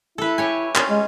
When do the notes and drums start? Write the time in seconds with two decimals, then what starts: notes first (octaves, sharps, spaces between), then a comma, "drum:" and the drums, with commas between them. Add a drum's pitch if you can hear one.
0.18 E4 A4 B4
0.38 G4 C#5 G#5
0.75 C#4 F4, drum: clap
0.90 G#3